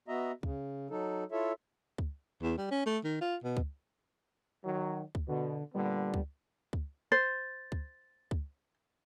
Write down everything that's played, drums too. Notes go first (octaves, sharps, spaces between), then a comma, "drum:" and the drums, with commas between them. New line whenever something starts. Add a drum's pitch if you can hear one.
B3 F#4 D#5 E5 A#5
C#3, drum: kick C#2
F#3 D#4 A4
E4 F4 A4 C#5 E5
drum: kick C#2
E2
G3
C#4
A3
D#3
F4
B2
drum: kick C#2
D#3 F#3
drum: kick C#2
B2 D3
A#2 D3 G3 B3
drum: kick C#2
drum: kick C#2
C5 A6
drum: kick C#2
drum: kick C#2